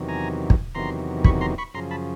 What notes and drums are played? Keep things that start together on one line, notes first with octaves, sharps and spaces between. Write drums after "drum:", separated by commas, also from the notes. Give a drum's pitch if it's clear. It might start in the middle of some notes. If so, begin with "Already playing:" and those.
Already playing: E2 C3 D#3 F#3
G#5 A#5
drum: kick
E2 C3 D#3 F#3 A#5 C6
B5 C#6, drum: kick
A#5 C6
B5 C#6
F#2 C#3 F3 A#5 C6
A5 B5